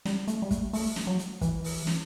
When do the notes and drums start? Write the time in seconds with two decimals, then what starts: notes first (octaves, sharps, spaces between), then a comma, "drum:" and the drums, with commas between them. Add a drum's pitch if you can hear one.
0.05 G3, drum: snare
0.27 A3, drum: hi-hat
0.42 G3
0.51 A3, drum: kick, hi-hat
0.73 A3, drum: open hi-hat
0.96 drum: snare
1.07 F#3
1.19 drum: hi-hat
1.41 E3, drum: kick, hi-hat
1.64 drum: open hi-hat
1.87 drum: snare